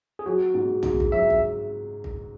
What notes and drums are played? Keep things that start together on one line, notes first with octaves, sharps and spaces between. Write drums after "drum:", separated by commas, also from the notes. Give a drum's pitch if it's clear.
G#4
F#3 F#4
G#2
G#2, drum: tom
drum: kick
F#3 E5
drum: kick
drum: kick